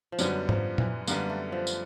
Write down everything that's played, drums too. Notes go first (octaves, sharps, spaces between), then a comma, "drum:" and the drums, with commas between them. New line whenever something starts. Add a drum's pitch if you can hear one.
F3
F#2 D3 F#3 G3 B3, drum: tambourine
F3, drum: tom
E3, drum: tom A#2
F#2 D3 G3 A#3 B3, drum: tambourine
A3
F3
drum: tambourine